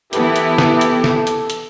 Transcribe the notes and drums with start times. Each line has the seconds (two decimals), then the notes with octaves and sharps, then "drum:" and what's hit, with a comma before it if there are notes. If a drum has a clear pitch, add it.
0.13 E3 B3 E4 G4 A4, drum: hi-hat
0.36 drum: hi-hat
0.58 drum: snare
0.81 drum: hi-hat
1.04 drum: snare
1.27 drum: hi-hat
1.50 drum: hi-hat